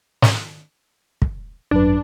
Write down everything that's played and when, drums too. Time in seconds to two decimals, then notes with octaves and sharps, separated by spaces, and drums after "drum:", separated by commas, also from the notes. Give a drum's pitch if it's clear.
0.22 drum: snare
1.22 drum: kick
1.71 G#1 F#2 D4 B4